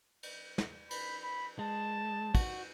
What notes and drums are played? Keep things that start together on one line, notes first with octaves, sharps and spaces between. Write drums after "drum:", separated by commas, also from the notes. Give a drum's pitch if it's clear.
drum: cymbal
drum: snare
B5, drum: cymbal
B5
G#3 A5
F#4, drum: kick, cymbal